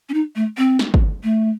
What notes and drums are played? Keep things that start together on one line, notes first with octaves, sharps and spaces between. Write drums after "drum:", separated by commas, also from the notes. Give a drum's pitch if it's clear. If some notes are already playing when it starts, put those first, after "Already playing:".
C#4
D#4
A3
C4
drum: snare
drum: kick
A3